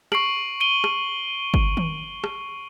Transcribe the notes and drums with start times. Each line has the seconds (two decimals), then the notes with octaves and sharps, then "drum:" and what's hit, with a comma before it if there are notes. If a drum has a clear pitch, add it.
0.12 C#6 C7 D7 F#7, drum: rim click
0.60 D7 D#7 G7
0.84 drum: rim click
1.54 drum: kick G1
1.77 drum: tom D#3
2.24 drum: rim click